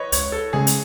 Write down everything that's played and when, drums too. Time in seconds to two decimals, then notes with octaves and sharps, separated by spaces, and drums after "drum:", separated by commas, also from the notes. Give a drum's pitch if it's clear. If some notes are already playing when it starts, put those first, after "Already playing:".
Already playing: B4 C#5 D#5
0.12 C#2 C#5, drum: hi-hat
0.32 A4
0.53 C#3 G#3 C#4 G#4
0.67 drum: hi-hat